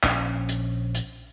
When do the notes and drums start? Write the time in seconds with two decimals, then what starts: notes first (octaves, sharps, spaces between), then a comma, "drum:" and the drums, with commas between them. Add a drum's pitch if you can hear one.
0.03 A#1 C#4, drum: clap
0.49 drum: hi-hat
0.95 drum: hi-hat